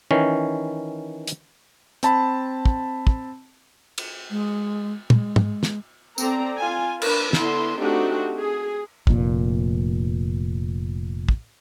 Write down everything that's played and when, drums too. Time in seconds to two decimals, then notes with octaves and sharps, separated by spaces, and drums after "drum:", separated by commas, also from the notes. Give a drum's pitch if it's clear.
0.11 D#3 E3 C#4
1.27 drum: hi-hat
2.03 C4 A5 B5, drum: hi-hat
2.65 drum: kick
3.07 drum: kick
3.98 drum: cymbal
4.30 G#3
5.10 G#3, drum: tom
5.36 drum: tom
5.63 drum: snare
6.18 C4 A4 D5 A#5, drum: tambourine
6.59 F4 G#5
7.02 D4 A#4 B4, drum: cymbal
7.33 D3 B3 E4 C6, drum: snare
7.79 A3 C4 D4 D#4 F#4 G4
8.37 G#4
9.07 F1 A#2, drum: kick
11.29 drum: kick